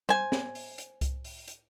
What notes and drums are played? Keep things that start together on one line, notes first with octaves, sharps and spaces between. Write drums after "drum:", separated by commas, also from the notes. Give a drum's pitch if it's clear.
C5 G#5, drum: tom G3
drum: snare
drum: open hi-hat
drum: hi-hat
drum: kick C2, hi-hat
drum: open hi-hat
drum: hi-hat